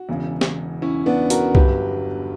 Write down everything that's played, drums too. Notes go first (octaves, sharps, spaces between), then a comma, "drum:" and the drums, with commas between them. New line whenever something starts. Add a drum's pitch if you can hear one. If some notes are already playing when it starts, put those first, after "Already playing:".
Already playing: F#4
E1 E2 C#3
drum: snare
C#4 E4
B3 D4
F#4 A#4, drum: hi-hat
G1 G2 F#3 G4 B4, drum: kick C2